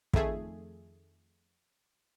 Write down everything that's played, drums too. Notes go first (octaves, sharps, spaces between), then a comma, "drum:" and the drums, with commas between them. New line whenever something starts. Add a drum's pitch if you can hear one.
F2 D#3 A3 G#4, drum: kick